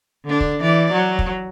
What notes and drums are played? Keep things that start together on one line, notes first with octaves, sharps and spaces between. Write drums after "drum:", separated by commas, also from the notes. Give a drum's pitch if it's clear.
D3 D4
drum: kick
E3 D5
F#3
drum: kick